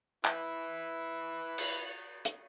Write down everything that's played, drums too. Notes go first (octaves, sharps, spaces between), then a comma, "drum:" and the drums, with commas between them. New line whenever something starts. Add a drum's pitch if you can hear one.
E4 B4, drum: clap
drum: cymbal
drum: hi-hat